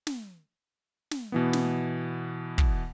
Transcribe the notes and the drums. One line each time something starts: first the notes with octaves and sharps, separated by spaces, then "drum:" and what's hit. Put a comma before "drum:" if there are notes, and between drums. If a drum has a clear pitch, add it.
drum: snare
drum: snare
B2 E3 B3
drum: snare
drum: kick